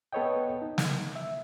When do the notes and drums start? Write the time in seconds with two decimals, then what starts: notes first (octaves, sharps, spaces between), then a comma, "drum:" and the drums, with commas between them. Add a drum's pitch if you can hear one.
0.13 B3 A4 B4 C#5 D#5 G5
0.62 D#4
0.78 drum: snare
1.16 E5